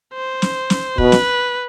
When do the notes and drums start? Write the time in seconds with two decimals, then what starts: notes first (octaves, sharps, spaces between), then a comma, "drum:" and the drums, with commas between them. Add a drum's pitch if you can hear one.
0.14 C5
0.42 drum: snare
0.70 drum: snare
0.98 B2 B4, drum: kick
1.12 drum: snare